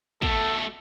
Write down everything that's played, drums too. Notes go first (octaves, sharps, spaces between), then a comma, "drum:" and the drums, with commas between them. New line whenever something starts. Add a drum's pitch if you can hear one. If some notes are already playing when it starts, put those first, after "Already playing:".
B2 A3 A4, drum: kick